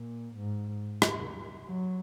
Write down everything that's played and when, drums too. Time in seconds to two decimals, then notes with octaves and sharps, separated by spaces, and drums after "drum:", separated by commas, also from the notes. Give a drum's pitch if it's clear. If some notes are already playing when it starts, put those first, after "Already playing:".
Already playing: A#2
0.36 G#2
1.02 drum: rim click
1.67 F#3